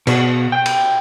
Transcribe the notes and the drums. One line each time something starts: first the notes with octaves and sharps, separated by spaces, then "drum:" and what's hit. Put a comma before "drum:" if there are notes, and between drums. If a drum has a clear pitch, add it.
B2, drum: cymbal
G5
drum: cymbal